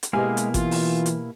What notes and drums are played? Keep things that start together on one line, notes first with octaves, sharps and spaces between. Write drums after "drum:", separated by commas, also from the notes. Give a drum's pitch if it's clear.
drum: hi-hat
B2 G#3 A#3 E4 G4 F5 G#5
drum: hi-hat
E3 F4, drum: kick G#1, hi-hat
drum: open hi-hat
drum: hi-hat